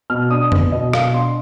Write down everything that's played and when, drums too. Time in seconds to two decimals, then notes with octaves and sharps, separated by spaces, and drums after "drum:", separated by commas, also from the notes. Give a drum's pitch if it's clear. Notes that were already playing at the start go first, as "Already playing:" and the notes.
0.10 B2 F6
0.30 D4 D#6
0.52 B3, drum: tom F2
0.72 B2 D#5
0.93 B2 F5, drum: rim click
1.14 D4 C6